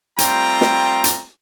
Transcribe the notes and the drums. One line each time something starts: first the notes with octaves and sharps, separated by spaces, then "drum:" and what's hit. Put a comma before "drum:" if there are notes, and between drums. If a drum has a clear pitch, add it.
G3 A3 C4 F4 G5 A#5, drum: hi-hat
drum: snare
drum: hi-hat